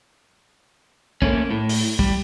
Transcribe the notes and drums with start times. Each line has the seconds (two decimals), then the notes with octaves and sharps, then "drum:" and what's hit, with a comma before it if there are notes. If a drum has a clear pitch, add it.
1.22 A3 A#3 C#4, drum: kick
1.51 A2
1.69 drum: open hi-hat
1.99 G3, drum: kick